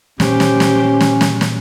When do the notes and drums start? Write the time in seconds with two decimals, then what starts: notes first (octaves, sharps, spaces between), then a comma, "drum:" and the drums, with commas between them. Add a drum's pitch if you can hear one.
0.20 A#2 D#3 F#3 C#4 G4 C5, drum: snare
0.40 drum: snare
0.60 drum: snare
1.01 drum: snare
1.21 drum: snare
1.41 drum: snare